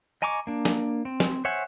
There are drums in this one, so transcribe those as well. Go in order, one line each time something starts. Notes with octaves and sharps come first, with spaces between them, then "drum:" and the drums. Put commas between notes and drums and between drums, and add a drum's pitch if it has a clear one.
D#5 G#5 A#5 C#6 D6
A#3 D4
drum: snare
C4
drum: snare
C5 C#5 E5 F#5 G#5